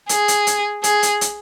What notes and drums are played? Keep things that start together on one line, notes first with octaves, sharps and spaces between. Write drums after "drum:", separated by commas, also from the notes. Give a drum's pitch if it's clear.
G#4, drum: hi-hat
drum: hi-hat
drum: hi-hat
G#4, drum: hi-hat
drum: hi-hat
drum: hi-hat